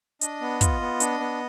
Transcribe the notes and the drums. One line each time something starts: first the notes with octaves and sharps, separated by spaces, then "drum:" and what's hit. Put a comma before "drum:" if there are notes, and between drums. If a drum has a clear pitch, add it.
D4 D#5, drum: hi-hat
B3
F4, drum: kick, hi-hat
B3
D4, drum: hi-hat
B3